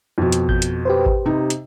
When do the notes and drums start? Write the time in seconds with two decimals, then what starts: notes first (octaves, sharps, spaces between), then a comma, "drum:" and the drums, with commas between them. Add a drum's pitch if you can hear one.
0.18 F2 B2
0.32 drum: hi-hat
0.49 G6, drum: kick G#1
0.62 drum: hi-hat
0.85 G4 B4 C5
1.06 drum: kick G#1
1.25 C3 D#4
1.50 drum: hi-hat